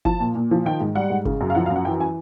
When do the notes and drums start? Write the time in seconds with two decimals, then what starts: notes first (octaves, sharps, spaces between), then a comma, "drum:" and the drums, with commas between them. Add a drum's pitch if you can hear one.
0.05 F3 A5, drum: kick F#1
0.20 A#2
0.35 A#2
0.51 F3
0.65 D#3 G5
0.81 G#2
0.95 G3 F#5
1.10 G#2
1.25 C#3, drum: kick F#1
1.41 F#2
1.50 F5
1.55 F3 F#5
1.66 F5
1.70 F#2
1.76 F#5
1.85 E3 G5
2.00 G#5